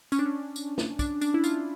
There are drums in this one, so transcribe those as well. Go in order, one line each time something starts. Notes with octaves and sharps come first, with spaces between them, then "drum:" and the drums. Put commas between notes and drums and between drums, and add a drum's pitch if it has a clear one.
C#4, drum: tambourine
D4
C#4
drum: tambourine
drum: snare
D4, drum: kick, tambourine
D4, drum: tambourine
E4
F4, drum: tambourine